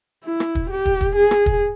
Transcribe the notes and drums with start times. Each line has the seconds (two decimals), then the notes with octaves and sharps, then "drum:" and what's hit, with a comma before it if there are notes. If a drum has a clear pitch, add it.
0.24 E4
0.40 drum: rim click
0.55 drum: kick
0.71 G4
0.86 drum: kick
1.01 drum: kick
1.16 G#4
1.31 drum: rim click
1.46 drum: kick